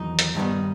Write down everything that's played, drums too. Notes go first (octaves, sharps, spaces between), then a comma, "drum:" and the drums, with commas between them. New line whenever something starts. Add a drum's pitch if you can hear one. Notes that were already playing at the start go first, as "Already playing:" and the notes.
Already playing: E2 D#3 F#3 D#4
drum: hi-hat
G2 D#3 G3 B3 D#4